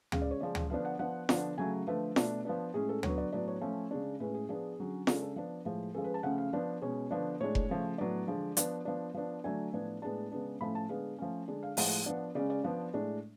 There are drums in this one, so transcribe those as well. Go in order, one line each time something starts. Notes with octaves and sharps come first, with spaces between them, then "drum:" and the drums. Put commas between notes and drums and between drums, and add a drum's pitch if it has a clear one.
C#3 G#3 C#4 F5, drum: tom D2
D5
C#5
C#3 F3 G#3 D5
drum: tom D2
D3 F3 B3 D4 F5
F#5
F3 B3 D4 F#5
D3 F3 B3 D4, drum: snare
C#3 F#3 A3 G#5
D3 F3 A3 B4
B2 A3 D4, drum: snare
F3 B3 D4
A2 G#3 C#4 G#4
A4
D3 F#3 B3 C#5, drum: tom D2
D5
A2 F#3 B3 D4 D5
C#5
F3 A3 C#4
C#3 G#3 D4
A2 G#3 C#4 B4
G#4
F3 B3 D4 G#4
D3 F#3 C#4
C#3 G#3 D4 A4, drum: snare
A4
F3 B3 D4 B4
A2 F3 G#3
F3 G#3 C#4 A4
B4
A5
C#3 F3 A3 C#4 F#5
F5
F3 B3 D4
B2 G#3 C#4 C#5
D3 F3 B3 D4
A2 G#3 D4 C#5
drum: kick F1
C#3 F3 A3
A2 F#3 B3 D4 D5
D3 F3 G#3
F3 B3 D4, drum: hi-hat
F3 B3 D4
F3 B3 D4
D3 F#3 A3 D4 G#5
A2 F3 B3 D4
A2 G#3 B3 D4 A5
C#3 G#3 B3 D4
A2 F3 A3 C#4 B5
A5
D3 G#3 B3 D4 F5
F3 A3 C#4
D3 G#3 D4
F5
A2 F3 G#3 F#5, drum: open hi-hat
F3 B3 D4
C#3 G#3 C#4 D5
D5
F3 B3 D4
A2 G#3 D4